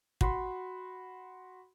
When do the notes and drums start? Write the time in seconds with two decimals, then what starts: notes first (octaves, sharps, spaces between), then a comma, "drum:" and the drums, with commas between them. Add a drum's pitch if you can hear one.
0.21 F#4 B5 C6, drum: kick